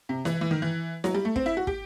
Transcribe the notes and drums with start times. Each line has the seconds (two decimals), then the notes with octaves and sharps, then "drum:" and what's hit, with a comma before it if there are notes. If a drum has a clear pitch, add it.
0.09 C3
0.25 E3, drum: snare E4
0.41 E3
0.51 D#3
0.62 E3
1.04 F#3, drum: snare E4
1.15 G3
1.25 A3
1.36 C4, drum: kick
1.46 E4
1.57 F#4
1.67 G4, drum: kick